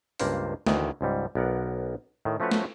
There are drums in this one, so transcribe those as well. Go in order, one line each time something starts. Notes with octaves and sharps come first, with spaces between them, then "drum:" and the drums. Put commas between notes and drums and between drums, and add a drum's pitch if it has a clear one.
C#2 G2 A#3 D4 C5 F5, drum: open hi-hat
D2 D#3 E3, drum: snare
C#2 G#2 G3
B1 B3 A#4 D5 F#5
A2 D#3
F3 A3 C#4 F#4 B4 C#5
drum: snare